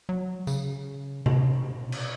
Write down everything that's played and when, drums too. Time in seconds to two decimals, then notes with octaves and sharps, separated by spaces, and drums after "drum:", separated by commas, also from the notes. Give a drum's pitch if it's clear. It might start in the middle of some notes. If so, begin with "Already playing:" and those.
0.09 F#3
0.47 C#3, drum: tambourine
1.26 B2, drum: tom C3
1.92 drum: cymbal